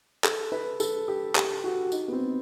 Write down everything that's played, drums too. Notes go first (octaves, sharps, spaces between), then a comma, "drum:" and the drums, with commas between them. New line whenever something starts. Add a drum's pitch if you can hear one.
A4, drum: clap
B4
A4, drum: tambourine
G4
G4, drum: clap
F#4
D#4, drum: tambourine
B3
C4